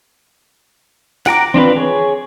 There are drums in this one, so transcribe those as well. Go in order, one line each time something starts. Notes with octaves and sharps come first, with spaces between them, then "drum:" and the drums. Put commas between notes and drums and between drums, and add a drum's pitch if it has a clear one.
F#5 G5 A#5 D6, drum: snare
C4 D4 F4 B4, drum: tom D#3
G#4 C#5